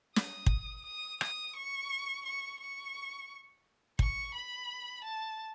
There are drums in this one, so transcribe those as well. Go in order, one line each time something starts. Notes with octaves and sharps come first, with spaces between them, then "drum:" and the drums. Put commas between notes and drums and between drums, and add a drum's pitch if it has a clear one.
D#6, drum: snare
drum: kick
D#6
D#6, drum: rim click
C#6
C#6
C#6
C#6, drum: kick
B5
A5